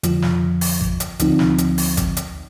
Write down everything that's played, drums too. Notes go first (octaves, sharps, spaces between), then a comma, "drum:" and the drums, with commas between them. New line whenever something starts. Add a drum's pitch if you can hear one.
F2 D3 F3, drum: hi-hat
drum: snare
drum: open hi-hat
drum: kick G#1
drum: hi-hat
D2 D3 F3 C4 D#4, drum: hi-hat
drum: snare
drum: hi-hat
drum: open hi-hat
drum: kick G#1, hi-hat
drum: hi-hat